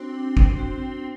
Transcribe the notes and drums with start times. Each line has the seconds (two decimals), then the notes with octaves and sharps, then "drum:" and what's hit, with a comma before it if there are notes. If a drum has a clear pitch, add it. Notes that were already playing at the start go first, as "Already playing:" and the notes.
Already playing: C4 D4 F#4
0.14 D4
0.37 D4, drum: kick
0.59 F#4
0.82 C5